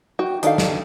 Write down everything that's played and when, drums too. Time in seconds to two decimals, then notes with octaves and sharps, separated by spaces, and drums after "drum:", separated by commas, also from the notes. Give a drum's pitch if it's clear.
0.19 F#4 G5
0.43 D#3 D4 A4 F5, drum: hi-hat
0.58 drum: snare